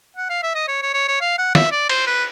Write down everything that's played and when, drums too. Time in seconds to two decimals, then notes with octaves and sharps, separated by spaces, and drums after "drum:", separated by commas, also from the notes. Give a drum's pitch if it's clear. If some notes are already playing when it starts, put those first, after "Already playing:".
0.17 F#5
0.30 F5
0.43 E5
0.55 D#5
0.68 C#5
0.82 C#5
0.94 C#5
1.08 C#5
1.21 F5
1.38 F#5
1.55 E5, drum: snare
1.72 D5
1.89 C5, drum: cymbal
2.07 B4